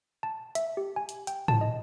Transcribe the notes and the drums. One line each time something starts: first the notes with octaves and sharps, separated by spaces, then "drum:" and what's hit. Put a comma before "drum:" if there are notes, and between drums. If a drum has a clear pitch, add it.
A5
E5, drum: hi-hat
G4
G#5
drum: hi-hat
G5, drum: hi-hat
A5, drum: tom G#2
D#5